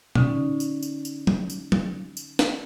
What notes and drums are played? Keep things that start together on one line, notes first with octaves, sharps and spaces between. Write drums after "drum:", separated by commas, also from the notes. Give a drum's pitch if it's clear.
D3 C#4 D#4, drum: tom
drum: tambourine
drum: tambourine
drum: tambourine
drum: tom
drum: tambourine
drum: tom
drum: tambourine
drum: snare